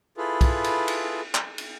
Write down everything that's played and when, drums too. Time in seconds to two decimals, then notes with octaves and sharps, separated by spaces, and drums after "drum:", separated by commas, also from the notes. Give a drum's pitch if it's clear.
0.17 E4 F4 G#4 A4 B4
0.41 drum: kick B1, cymbal
0.64 drum: cymbal
0.88 drum: cymbal
1.35 drum: clap
1.58 drum: cymbal